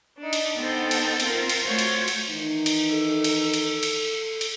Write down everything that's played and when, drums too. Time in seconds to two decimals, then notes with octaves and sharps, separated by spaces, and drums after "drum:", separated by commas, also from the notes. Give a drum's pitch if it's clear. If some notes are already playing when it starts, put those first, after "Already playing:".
0.18 D4 D#4
0.33 drum: cymbal
0.56 B3 D#4 A4 C5 G5
0.91 drum: cymbal
1.20 C4 F4 A#4, drum: cymbal
1.49 drum: cymbal
1.64 A3 F4 F#4 C5 C#5
1.79 drum: cymbal
2.08 drum: cymbal
2.29 D#3 E3 D#4
2.66 drum: cymbal
2.90 A4
3.24 drum: cymbal
3.54 drum: cymbal
3.83 drum: cymbal
4.41 drum: cymbal